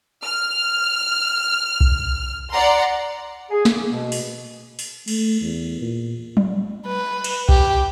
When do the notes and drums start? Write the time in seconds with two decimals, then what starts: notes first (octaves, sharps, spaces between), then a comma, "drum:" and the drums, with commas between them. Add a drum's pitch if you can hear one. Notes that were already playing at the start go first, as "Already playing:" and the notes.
0.24 F6
1.81 drum: kick B1
2.51 D5 F#5 A#5 C6
3.50 G#4
3.65 A#3, drum: snare
3.91 B2
4.12 drum: open hi-hat
4.79 drum: open hi-hat
5.08 A3, drum: cymbal
5.42 E2
5.81 A#2
6.37 drum: tom F#3
6.87 B4
7.24 drum: cymbal
7.49 G4, drum: kick B1